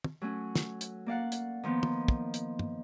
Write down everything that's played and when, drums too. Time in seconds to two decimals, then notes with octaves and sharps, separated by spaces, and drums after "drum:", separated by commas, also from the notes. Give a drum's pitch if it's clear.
0.04 drum: tom
0.22 F#3 A3 C#4
0.55 drum: snare
0.81 drum: hi-hat
1.06 A#3 D5 F5 F#5
1.32 drum: hi-hat
1.63 D#3 F3 A#3 B3
1.83 drum: tom
2.08 drum: kick
2.34 drum: hi-hat
2.59 drum: tom